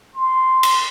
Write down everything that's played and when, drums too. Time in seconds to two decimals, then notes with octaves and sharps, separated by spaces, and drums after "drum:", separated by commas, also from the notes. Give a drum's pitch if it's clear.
0.15 C6
0.63 drum: cymbal